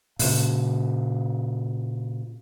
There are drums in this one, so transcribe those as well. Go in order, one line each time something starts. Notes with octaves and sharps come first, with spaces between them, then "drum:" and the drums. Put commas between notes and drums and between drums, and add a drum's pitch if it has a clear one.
A#2 C#3, drum: open hi-hat